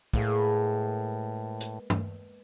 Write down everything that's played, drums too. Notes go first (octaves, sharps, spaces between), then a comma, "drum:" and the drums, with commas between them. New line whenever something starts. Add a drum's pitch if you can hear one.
A2 G#3 A#3 B3, drum: kick
drum: hi-hat
drum: tom G2